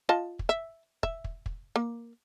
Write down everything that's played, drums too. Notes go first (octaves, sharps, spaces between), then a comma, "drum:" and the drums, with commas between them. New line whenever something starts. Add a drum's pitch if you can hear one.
F4 D#5 A5
drum: kick
E5
E5, drum: kick
drum: kick
drum: kick
A#3